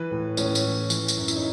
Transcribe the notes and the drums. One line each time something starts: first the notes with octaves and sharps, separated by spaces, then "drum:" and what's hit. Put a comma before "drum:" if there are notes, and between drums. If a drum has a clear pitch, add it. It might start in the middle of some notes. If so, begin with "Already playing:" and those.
Already playing: E3 B4
A2
A2 C#4, drum: tambourine
drum: tambourine
E3
E3, drum: tambourine
drum: tambourine
F#2
E4, drum: tambourine
D#4